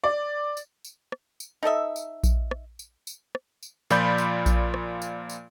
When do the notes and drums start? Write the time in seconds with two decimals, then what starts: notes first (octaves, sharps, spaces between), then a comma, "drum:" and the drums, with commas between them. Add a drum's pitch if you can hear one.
0.04 D5
0.57 drum: tambourine
0.85 drum: tambourine
1.12 drum: rim click
1.40 drum: tambourine
1.63 D#4 A4 D#5 E5
1.96 drum: tambourine
2.24 drum: kick A#1, tambourine
2.51 drum: rim click
2.79 drum: tambourine
3.07 drum: tambourine
3.35 drum: rim click
3.63 drum: tambourine
3.90 A#2 F3 F4 D5 B5 G6, drum: tambourine
4.18 drum: tambourine
4.46 drum: kick A#1, tambourine
4.74 drum: rim click
5.02 drum: tambourine
5.29 drum: tambourine